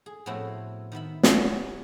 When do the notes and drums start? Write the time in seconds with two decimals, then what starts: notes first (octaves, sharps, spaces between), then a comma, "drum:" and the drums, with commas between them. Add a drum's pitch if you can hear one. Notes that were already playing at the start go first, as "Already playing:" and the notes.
0.06 G#4
0.26 A2 F3 B3 C4 E4 F#4
0.92 D#3 B3 E5 B5
1.23 C3 G3 A3 C#4 F#4, drum: snare